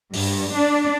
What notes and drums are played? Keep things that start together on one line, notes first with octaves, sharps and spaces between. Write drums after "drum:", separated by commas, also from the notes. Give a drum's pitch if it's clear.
G2, drum: open hi-hat
D4